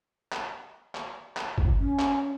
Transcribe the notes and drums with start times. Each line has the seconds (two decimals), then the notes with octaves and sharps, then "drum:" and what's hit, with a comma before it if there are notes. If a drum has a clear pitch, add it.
0.32 drum: clap
0.95 drum: clap
1.37 drum: clap
1.58 drum: kick
1.79 C#4
1.99 drum: clap